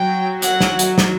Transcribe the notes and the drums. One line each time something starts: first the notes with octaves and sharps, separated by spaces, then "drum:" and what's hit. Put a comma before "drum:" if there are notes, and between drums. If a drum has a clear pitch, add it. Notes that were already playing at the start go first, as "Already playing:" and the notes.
Already playing: F#3 G5
F#5, drum: hi-hat
drum: snare
drum: hi-hat
drum: snare